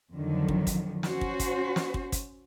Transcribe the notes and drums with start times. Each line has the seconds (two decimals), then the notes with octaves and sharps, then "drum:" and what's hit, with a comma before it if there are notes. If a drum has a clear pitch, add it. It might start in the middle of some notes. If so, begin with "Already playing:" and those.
0.14 F2 D3 D#3 F3 F#3
0.48 drum: kick
0.67 drum: kick, hi-hat
1.03 C#4 F#4 C5, drum: snare
1.21 drum: kick
1.40 drum: kick, hi-hat
1.76 drum: snare
1.94 drum: kick
2.12 drum: kick, hi-hat